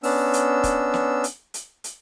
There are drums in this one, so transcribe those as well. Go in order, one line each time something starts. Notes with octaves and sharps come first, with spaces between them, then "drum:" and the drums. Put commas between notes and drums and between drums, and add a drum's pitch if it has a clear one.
B3 C#4 D4 E6, drum: open hi-hat
drum: hi-hat
drum: kick, hi-hat
drum: snare
drum: hi-hat
drum: hi-hat
drum: hi-hat